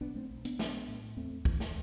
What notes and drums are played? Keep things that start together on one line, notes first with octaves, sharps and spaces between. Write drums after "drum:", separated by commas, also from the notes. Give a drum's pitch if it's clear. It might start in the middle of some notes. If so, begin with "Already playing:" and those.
B1 B3 D4
A3 C4
B1
B3 D4, drum: hi-hat
B1, drum: snare
A2
E2 A3 C4
E2 E3, drum: kick
drum: snare